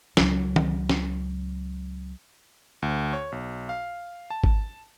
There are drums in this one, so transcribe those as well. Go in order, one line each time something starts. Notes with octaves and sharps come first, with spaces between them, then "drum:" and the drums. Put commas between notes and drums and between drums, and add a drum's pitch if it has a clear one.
C#2 F#3, drum: snare
drum: tom D#3
drum: snare
D2
C#5
B1
F5
A5
drum: kick G#1